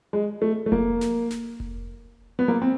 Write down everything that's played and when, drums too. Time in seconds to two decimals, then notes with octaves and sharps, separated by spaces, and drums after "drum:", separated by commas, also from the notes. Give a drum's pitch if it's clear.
0.13 G#3
0.42 A3
0.66 A3
0.72 A#3, drum: kick F1
1.01 drum: snare
1.30 drum: snare
1.60 drum: kick F1
2.39 B3
2.48 A#3
2.62 C4